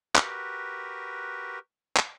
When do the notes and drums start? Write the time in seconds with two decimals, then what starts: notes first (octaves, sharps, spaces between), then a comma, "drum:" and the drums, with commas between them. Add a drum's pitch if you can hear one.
0.16 F#4 G4 A#4 B4, drum: clap
1.97 drum: clap